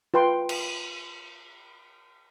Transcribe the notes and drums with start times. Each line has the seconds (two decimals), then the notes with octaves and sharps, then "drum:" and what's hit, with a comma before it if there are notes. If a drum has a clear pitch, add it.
0.14 F4 B4 G5 C6
0.49 drum: cymbal